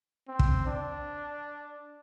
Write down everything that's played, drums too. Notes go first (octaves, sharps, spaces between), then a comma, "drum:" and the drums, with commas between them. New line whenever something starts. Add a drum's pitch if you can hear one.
C4
drum: kick
D4